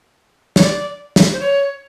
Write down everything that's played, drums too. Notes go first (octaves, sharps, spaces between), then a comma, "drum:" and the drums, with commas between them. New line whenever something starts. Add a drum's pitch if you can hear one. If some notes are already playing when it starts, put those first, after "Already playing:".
C#5, drum: snare
D5
drum: snare
C5
C#5